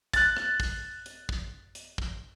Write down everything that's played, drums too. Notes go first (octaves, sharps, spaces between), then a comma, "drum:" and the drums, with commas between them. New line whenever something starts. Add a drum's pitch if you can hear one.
F#6 A6, drum: kick, hi-hat
drum: rim click
drum: kick, open hi-hat
drum: hi-hat
drum: kick
drum: hi-hat
drum: kick